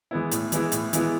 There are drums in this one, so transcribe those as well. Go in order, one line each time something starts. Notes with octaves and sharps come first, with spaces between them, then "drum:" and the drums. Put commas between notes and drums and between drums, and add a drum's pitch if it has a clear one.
E3 G#3 B3 E4
A2, drum: hi-hat
E3 G#3 B3 E4, drum: hi-hat
A2, drum: hi-hat
E3 G#3 B3 E4, drum: hi-hat